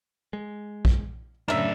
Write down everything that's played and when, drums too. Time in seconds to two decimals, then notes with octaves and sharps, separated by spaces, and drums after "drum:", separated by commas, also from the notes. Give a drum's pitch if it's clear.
0.33 G#3
0.85 drum: kick A#1
1.48 F#2 A2 C#3 D4 A#4 E5